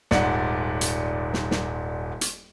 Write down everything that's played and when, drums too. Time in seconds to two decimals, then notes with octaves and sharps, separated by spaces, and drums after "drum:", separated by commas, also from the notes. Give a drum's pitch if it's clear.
0.11 D#1 G#2 D5 F#5, drum: snare
0.81 drum: hi-hat
1.34 drum: snare
1.51 drum: snare
2.21 drum: hi-hat